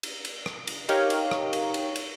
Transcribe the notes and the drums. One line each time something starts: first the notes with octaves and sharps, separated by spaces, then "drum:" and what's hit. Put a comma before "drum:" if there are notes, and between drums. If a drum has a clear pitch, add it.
drum: cymbal
drum: cymbal
drum: rim click
drum: cymbal
D#4 G4 A#4 C#5 F5, drum: cymbal
drum: cymbal
drum: rim click
drum: cymbal
drum: cymbal
drum: cymbal